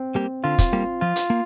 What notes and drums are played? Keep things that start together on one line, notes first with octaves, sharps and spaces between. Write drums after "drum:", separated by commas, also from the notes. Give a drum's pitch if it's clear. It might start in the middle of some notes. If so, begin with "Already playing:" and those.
Already playing: C4
G3 A#3 G4
D3 F4
drum: kick, hi-hat
G3 A#3 G4
F3 F4
drum: hi-hat
A#3